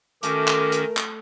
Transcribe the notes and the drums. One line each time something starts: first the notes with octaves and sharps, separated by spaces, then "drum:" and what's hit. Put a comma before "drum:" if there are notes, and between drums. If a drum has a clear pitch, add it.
D#3 A3 C#4 F#4 A4 A#4 D6, drum: hi-hat
drum: clap
drum: hi-hat
drum: clap